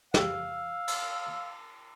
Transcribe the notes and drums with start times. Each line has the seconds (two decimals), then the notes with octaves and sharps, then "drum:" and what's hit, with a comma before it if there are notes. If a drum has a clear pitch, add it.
0.14 F#3 G4 G#4 F5 E6, drum: snare
0.88 drum: cymbal